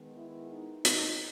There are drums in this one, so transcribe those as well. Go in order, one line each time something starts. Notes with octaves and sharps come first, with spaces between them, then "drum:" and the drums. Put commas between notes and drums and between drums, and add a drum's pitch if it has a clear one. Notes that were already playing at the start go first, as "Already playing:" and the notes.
Already playing: D#3 G#3 B3
E4
D#4
D#4, drum: hi-hat